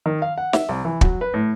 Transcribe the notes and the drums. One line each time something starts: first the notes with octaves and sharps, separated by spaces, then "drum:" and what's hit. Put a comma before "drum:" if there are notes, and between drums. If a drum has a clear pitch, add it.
D#3
F5
F#5
E5, drum: snare
C2
E3
F#3, drum: kick
B4
A2